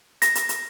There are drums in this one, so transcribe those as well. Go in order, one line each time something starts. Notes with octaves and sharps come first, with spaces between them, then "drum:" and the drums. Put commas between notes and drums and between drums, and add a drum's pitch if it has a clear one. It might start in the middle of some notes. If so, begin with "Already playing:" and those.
A#6, drum: hi-hat
drum: hi-hat
drum: hi-hat